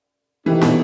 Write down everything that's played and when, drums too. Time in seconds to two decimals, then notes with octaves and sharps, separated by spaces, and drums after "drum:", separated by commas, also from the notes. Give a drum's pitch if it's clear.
0.46 C3 D#3 E3 A3 D#4 G4
0.61 B2, drum: snare